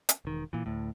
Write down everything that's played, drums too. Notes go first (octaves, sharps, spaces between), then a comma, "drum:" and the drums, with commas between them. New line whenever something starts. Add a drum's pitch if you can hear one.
drum: hi-hat
E1 D#3
A#2 E3
D2 A2